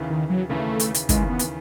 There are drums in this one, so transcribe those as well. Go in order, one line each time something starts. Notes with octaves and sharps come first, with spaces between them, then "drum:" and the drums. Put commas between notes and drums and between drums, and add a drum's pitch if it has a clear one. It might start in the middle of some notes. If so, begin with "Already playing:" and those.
Already playing: D#2 C#3 E3
D#3
F#3
D#2 C#3 E3 A3
drum: hi-hat
drum: hi-hat
D#2 C#3 E3 G#3, drum: kick, hi-hat
B3
drum: hi-hat